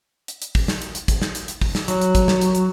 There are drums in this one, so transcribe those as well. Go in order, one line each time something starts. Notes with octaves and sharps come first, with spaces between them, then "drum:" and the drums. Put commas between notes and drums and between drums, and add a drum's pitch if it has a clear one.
drum: hi-hat
drum: hi-hat
drum: kick, open hi-hat
drum: snare
drum: hi-hat
drum: hi-hat
drum: kick, hi-hat
drum: snare
drum: hi-hat
drum: hi-hat
drum: kick, open hi-hat
drum: snare
F#3, drum: hi-hat
drum: hi-hat
drum: kick, hi-hat
drum: snare
drum: hi-hat
drum: hi-hat